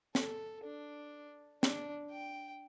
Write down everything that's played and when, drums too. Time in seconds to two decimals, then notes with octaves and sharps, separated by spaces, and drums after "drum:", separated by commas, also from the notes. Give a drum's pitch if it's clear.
0.15 A4, drum: snare
0.64 D4
1.63 D4, drum: snare
2.10 G5